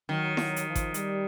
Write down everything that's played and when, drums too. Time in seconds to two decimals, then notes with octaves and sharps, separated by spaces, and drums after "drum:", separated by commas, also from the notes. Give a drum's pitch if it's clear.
0.09 D#3 F#3
0.37 F#3, drum: snare E4
0.56 drum: hi-hat
0.66 F3
0.75 drum: kick G#1, hi-hat
0.94 G3, drum: hi-hat